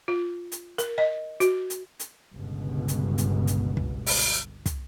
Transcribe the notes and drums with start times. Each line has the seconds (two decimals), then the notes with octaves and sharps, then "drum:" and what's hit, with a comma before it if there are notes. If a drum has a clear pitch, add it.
0.08 F4
0.52 drum: hi-hat
0.78 A#4, drum: hi-hat
0.98 D#5
1.40 F#4, drum: hi-hat
1.70 drum: hi-hat
1.99 drum: hi-hat
2.35 G1 C#2 B2
2.88 drum: hi-hat
3.18 drum: hi-hat
3.47 drum: hi-hat
3.77 drum: kick
4.06 drum: open hi-hat
4.66 drum: kick, hi-hat